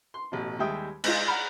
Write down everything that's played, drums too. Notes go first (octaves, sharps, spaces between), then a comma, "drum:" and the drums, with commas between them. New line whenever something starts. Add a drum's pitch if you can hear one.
C6
A1 B2
D#2 G3 G#3 E5 G5 D#6
G#3 D#4 F4, drum: cymbal
F#5 A#5 B5 F6